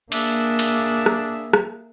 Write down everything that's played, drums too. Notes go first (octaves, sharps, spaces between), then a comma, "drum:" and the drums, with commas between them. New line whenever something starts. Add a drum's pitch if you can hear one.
A#3 D4 G#4 E5, drum: cymbal
drum: cymbal
drum: rim click
drum: rim click